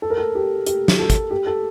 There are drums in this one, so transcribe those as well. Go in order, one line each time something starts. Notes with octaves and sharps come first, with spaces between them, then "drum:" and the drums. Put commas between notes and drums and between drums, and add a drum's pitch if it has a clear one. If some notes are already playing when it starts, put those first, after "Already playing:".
A4
A#4
A4
G4
G4, drum: hi-hat
drum: snare
A4
drum: kick, hi-hat
G4
A4